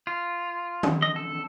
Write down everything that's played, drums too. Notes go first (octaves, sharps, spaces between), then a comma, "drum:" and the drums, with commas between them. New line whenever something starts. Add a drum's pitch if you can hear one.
F4
drum: tom
D#5
A4